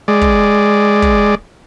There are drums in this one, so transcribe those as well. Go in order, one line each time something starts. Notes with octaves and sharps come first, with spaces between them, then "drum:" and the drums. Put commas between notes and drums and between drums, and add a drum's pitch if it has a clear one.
G#3 D5
drum: kick
drum: kick